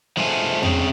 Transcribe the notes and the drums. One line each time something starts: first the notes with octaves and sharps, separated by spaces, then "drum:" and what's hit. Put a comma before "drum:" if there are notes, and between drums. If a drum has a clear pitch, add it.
F3 G#3 A3 C5 G#5
C4 C#4 G#4, drum: tom E2